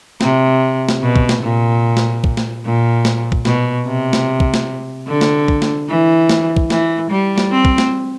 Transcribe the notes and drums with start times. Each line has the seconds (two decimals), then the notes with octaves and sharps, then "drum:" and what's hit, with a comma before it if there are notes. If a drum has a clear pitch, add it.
0.21 C3, drum: snare
0.89 drum: snare
1.02 B2
1.16 drum: kick
1.29 drum: snare
1.43 A#2
1.97 drum: snare
2.24 drum: kick
2.37 drum: snare
2.65 A#2
3.05 drum: snare
3.32 drum: kick
3.45 B2, drum: snare
3.86 C3
4.13 drum: snare
4.40 drum: kick
4.54 drum: snare
5.07 D3
5.21 drum: snare
5.48 drum: kick
5.62 drum: snare
5.89 E3
6.29 drum: snare
6.57 drum: kick
6.70 E3, drum: snare
7.11 G3
7.38 drum: snare
7.51 C4
7.65 drum: kick
7.78 drum: snare